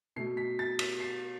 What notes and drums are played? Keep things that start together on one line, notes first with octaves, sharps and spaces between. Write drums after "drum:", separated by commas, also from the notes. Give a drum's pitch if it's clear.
B2 A3 C7
B6
A6
B6, drum: cymbal
C7